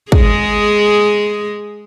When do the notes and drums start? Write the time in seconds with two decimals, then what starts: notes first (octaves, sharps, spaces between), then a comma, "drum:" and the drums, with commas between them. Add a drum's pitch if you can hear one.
0.12 G#3 G#4, drum: kick